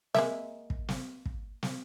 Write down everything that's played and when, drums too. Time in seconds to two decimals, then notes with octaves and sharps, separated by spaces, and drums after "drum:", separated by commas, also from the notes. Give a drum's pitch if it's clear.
0.14 G#3 A#3 E5, drum: snare
0.70 drum: kick
0.89 drum: snare
1.26 drum: kick
1.63 drum: snare